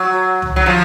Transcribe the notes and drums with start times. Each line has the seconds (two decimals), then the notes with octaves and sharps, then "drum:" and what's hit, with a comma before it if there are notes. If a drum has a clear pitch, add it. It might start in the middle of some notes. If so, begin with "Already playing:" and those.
Already playing: F#3
0.42 drum: tom
0.56 F#3
0.66 F3